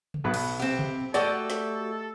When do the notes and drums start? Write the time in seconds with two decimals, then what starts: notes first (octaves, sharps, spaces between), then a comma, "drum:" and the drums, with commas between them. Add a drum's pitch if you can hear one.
0.14 drum: tom C#3
0.24 B1 B3 B4
0.34 drum: cymbal
0.60 C3 C4 G4
0.79 drum: tom C3
1.14 A3 F#4 G4 A4 D5 D#5
1.50 drum: snare